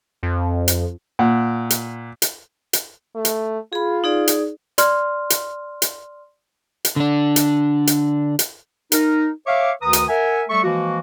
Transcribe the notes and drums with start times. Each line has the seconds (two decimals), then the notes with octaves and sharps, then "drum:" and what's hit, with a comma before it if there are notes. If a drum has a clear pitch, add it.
0.23 F2
0.68 drum: hi-hat
1.19 A#2 F#5
1.70 drum: hi-hat
2.22 drum: hi-hat
2.73 drum: hi-hat
3.15 A3
3.25 drum: hi-hat
3.73 F4 G#4 B5
4.04 D#4 G#4 D5
4.28 drum: hi-hat
4.78 D5 C6 F6, drum: hi-hat
5.30 drum: hi-hat
5.82 drum: hi-hat
6.85 drum: hi-hat
6.96 D3 D4
7.36 drum: hi-hat
7.87 drum: hi-hat
8.39 drum: hi-hat
8.92 D#4 A#4, drum: hi-hat
9.46 C#5 E5 F5 D6
9.81 D2 D#3 B4 A#5 D#6
9.93 drum: hi-hat
10.09 A#4 E5 F#5 G#5
10.49 G3 A3 A4 E5 C#6
10.63 E3 F3 G#3 A#3 F#4